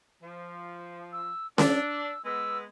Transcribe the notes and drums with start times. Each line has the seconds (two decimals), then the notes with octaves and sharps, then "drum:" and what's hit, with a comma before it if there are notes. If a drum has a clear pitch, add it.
0.23 F3
1.12 E6
1.58 D4 E6, drum: snare C#4
2.25 G#3 B3 E6